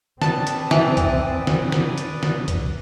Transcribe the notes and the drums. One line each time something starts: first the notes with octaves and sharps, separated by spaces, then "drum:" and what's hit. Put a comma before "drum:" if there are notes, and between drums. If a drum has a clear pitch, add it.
C4 B4 D5 A5 D#6, drum: snare
drum: hi-hat
E3, drum: snare
drum: kick, hi-hat
drum: snare
drum: snare
drum: hi-hat
drum: snare
drum: kick, hi-hat